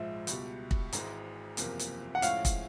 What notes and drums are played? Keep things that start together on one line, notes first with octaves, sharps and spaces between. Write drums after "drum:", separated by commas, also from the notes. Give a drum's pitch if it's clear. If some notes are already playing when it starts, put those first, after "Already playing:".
Already playing: A#1 G#2 F3 G#3 E5
C#2 B2 G3, drum: hi-hat
drum: kick
G#1 G#2 E3 G#3, drum: hi-hat
F#1 E2 C3 F3 A#3, drum: hi-hat
drum: hi-hat
F#5
A2 F3 G#3 C#4 E4 F5, drum: hi-hat
drum: kick, hi-hat